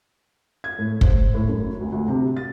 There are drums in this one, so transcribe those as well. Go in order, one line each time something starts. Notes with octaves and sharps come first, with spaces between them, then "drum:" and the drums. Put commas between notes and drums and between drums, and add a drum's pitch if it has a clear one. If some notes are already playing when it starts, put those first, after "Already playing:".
G#6
A2
C5, drum: kick
A2
F#2
D2
D2
C3
A6